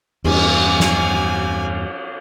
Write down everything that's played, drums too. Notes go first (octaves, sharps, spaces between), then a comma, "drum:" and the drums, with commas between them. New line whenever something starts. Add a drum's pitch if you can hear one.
E2 G2 G#5, drum: cymbal
drum: snare